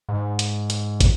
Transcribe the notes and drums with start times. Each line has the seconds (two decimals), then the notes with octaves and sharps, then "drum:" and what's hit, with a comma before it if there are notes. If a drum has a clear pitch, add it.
0.09 G#2
0.39 drum: hi-hat
0.70 drum: hi-hat
1.01 drum: kick, hi-hat